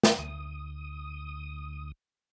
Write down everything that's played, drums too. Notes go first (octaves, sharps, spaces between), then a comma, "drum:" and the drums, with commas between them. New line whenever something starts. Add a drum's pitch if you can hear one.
drum: snare
D2 D#6